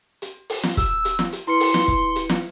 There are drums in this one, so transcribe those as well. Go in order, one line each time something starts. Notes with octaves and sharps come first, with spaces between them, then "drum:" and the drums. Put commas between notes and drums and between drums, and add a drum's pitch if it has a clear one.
drum: hi-hat
drum: open hi-hat
drum: snare
E6, drum: kick, hi-hat
drum: hi-hat
drum: snare
drum: hi-hat
E4 B4 C6 C#7
drum: open hi-hat
drum: snare
drum: kick
drum: hi-hat
drum: snare